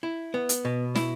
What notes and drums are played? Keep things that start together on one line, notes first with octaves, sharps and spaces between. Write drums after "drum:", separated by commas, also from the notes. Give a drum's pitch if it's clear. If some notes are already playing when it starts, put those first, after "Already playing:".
E4
B3
drum: hi-hat
B2
E4, drum: snare